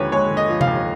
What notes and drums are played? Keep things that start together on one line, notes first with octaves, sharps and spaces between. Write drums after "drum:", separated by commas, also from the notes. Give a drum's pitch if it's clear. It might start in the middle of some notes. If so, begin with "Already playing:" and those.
Already playing: D#2 D3 F3 G#3 B4 C#5
G#3 C#5
D3
D#5
F3
F5, drum: tom C3
D#2